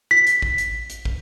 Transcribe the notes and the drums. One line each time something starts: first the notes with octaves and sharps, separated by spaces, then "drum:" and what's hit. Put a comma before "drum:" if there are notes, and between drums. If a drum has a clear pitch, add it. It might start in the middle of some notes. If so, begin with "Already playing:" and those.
B6
drum: hi-hat
drum: kick
drum: hi-hat
drum: hi-hat
drum: kick